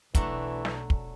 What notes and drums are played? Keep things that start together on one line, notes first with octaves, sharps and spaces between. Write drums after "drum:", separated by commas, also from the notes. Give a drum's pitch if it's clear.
B1 E3 F#3 A3 D4, drum: kick, hi-hat
drum: snare
drum: kick